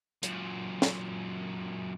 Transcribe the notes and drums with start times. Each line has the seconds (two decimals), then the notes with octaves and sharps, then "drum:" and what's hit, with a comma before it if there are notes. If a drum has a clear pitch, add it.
0.23 F#2 A#2, drum: hi-hat
0.82 drum: snare